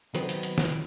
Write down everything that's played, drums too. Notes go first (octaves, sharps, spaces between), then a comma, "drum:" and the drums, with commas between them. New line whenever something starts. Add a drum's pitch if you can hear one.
D#3 F#3 B3 C4, drum: hi-hat
drum: hi-hat
drum: hi-hat
drum: snare